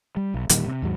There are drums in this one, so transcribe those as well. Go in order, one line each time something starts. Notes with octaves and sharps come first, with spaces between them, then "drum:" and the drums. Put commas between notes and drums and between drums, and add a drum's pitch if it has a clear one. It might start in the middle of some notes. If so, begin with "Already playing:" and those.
G3
B1
E1 A#2 D#3 G3, drum: hi-hat
C3
D#2 G#2 F#3